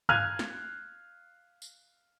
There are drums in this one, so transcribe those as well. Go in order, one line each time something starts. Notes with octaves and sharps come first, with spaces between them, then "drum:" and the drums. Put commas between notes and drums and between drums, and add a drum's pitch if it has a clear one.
F5 F6 F#6 G#6 D#7 F7, drum: tom
drum: snare
drum: tambourine